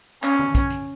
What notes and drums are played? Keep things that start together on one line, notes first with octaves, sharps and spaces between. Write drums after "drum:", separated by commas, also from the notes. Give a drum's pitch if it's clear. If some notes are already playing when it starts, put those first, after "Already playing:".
C#4, drum: clap
drum: tom
drum: kick, hi-hat
drum: hi-hat